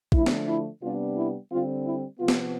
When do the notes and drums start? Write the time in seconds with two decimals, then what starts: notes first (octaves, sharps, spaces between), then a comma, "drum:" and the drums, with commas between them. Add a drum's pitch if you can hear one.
0.12 D3 F3 A3 D4 E4, drum: kick
0.26 drum: snare
0.47 E4
0.81 C3 G3 B3 D4 F4
1.16 E4
1.50 D3 G3 C4 F4
1.84 E4
2.18 C3 F3 B3 F4
2.28 drum: snare